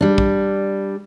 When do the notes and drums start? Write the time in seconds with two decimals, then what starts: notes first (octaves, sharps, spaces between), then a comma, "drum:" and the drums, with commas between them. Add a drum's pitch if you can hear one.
0.01 G3 D4
0.18 drum: kick